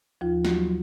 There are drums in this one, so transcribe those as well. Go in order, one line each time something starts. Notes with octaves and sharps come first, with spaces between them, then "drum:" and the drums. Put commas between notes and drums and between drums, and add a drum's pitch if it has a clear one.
D#2 F3 F4
F#3 F#4, drum: snare